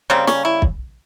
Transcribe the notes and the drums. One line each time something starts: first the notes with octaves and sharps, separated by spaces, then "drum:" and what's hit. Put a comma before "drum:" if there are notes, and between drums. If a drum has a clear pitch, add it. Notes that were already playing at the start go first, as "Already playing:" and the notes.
C#3 G3 A#3 C4
C#4, drum: snare
E4
drum: kick